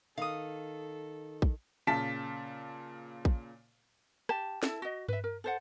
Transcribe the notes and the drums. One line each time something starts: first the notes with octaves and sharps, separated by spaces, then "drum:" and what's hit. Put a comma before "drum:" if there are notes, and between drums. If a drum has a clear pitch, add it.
D#3 A4 F5 D#6
drum: kick
A#2 C#3 A5 B6
drum: kick
G4 A5, drum: rim click
E4 A4 A5, drum: snare
F#4 D#5
B4 E5, drum: tom G2
A#4
A4 C5 F#5